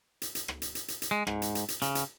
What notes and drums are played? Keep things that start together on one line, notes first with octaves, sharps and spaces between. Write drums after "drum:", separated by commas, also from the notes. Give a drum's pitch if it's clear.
drum: hi-hat
drum: hi-hat
drum: rim click
drum: hi-hat
drum: hi-hat
drum: hi-hat
drum: hi-hat
G#3
G#2, drum: rim click
drum: hi-hat
drum: hi-hat
drum: hi-hat
C#3, drum: hi-hat
drum: hi-hat